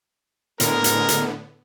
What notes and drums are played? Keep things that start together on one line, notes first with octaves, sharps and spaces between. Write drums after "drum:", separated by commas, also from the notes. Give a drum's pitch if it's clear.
A2 D3 G#3 B3 A#4, drum: hi-hat
drum: hi-hat
drum: hi-hat